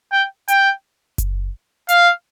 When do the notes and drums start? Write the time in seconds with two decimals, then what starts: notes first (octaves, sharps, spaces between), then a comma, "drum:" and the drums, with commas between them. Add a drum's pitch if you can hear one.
0.12 G5
0.48 G5, drum: hi-hat
1.18 drum: kick F#1, hi-hat
1.89 F5, drum: hi-hat